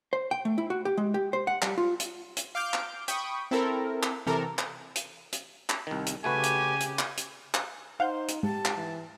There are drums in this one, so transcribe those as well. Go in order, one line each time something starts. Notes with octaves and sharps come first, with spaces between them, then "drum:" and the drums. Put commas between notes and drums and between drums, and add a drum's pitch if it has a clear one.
C5
G5
A3
E4
F#4
G4
G#3
G4
C5
F#5
G3, drum: clap
F4
drum: hi-hat
drum: hi-hat
F5 D6 F6 G6 D7
drum: clap
G5 B5 C#6 D#6, drum: hi-hat
C4 E4 A4 A#4
drum: clap
C3 E3 A4 A#4
drum: clap
drum: hi-hat
drum: hi-hat
drum: clap
C2 D#3
drum: hi-hat
C#3 A3 F#4 G4 B4 G#5
drum: hi-hat
drum: hi-hat
drum: clap
drum: hi-hat
drum: clap
D#4 C5 F5 F#5 G6
drum: hi-hat
G#2 G4 A5
drum: clap
E3